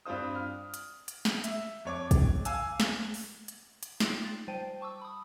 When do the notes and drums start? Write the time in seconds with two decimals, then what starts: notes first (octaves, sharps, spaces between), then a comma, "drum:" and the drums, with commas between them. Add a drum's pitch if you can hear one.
0.05 G2 C4 F4 C5 D#6
0.35 F6
0.74 drum: hi-hat
1.08 drum: hi-hat
1.25 drum: snare
1.44 E5, drum: hi-hat
1.85 F2 C#5 D6
2.11 drum: kick, hi-hat
2.45 F5 G#5 E6, drum: hi-hat
2.80 drum: snare
3.14 drum: open hi-hat
3.48 drum: hi-hat
3.83 drum: hi-hat
4.00 D#4 F4 G5 C6 C7 D7, drum: snare
4.24 A6
4.48 G3 C5 G5 A5 D#7
4.81 A5 C#6 D6 E6
5.01 B5 D#6